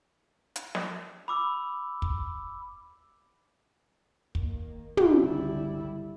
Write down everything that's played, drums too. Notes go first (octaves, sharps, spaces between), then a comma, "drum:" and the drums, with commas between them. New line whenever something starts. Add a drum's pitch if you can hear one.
drum: hi-hat
drum: snare
B5 D6 E6
drum: kick
D#3 A#3, drum: kick
drum: tom
G1 C#2 D3 G3 E4